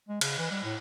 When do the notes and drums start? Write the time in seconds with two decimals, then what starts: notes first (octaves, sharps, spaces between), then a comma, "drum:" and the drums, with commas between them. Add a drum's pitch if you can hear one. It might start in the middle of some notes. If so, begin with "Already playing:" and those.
0.08 G#3
0.21 C#3, drum: cymbal
0.38 E3
0.50 G3
0.64 A2